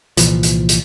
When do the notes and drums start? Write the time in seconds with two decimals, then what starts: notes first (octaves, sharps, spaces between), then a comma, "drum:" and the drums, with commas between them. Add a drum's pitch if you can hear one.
0.17 C2 A#2 E3 F3, drum: hi-hat
0.43 drum: hi-hat
0.69 drum: hi-hat